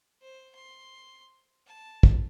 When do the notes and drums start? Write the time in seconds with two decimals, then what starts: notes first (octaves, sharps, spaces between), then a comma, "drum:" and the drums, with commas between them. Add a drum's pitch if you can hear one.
0.22 C5
0.55 C6
1.66 A5
2.03 drum: kick